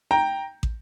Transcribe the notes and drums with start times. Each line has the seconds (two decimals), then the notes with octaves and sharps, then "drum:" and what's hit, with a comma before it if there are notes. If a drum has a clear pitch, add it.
0.11 G5 A#5
0.63 drum: kick